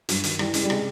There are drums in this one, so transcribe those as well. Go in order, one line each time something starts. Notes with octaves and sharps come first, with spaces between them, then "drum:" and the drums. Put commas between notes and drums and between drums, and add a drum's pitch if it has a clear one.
G2 F#3, drum: hi-hat
D#3, drum: hi-hat
E3 G3, drum: rim click
C#3 G#3, drum: hi-hat
G3
C3 G#3, drum: rim click